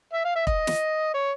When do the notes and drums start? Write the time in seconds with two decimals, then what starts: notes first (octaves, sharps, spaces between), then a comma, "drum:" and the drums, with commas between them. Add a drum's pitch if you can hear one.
0.13 E5
0.25 F5
0.36 E5
0.47 D#5, drum: kick
0.67 drum: snare
1.14 C#5